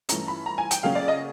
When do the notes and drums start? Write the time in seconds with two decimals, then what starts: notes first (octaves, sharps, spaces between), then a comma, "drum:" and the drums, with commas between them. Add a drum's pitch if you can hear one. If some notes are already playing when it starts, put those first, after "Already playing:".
0.09 G2 E3 A3 C#4 A#5, drum: hi-hat
0.28 B5
0.46 A#5
0.58 G#5
0.71 G5, drum: hi-hat
0.83 C#3 F#3 A#3 C#4 F5
0.95 D5
1.08 D#5